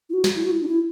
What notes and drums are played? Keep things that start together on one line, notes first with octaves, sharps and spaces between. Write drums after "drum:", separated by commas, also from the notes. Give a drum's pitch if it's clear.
E4
F#4
drum: snare
E4
F#4
E4
D4
E4